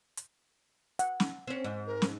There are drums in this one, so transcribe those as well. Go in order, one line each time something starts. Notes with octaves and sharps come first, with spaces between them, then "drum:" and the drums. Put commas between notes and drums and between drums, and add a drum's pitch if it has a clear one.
drum: hi-hat
F#5, drum: hi-hat
drum: snare
C4 C#4
G#2
A#4
drum: snare